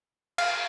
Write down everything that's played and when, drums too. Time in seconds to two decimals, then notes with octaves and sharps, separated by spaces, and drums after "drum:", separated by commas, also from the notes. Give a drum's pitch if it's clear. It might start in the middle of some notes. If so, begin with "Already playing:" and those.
0.38 F5, drum: cymbal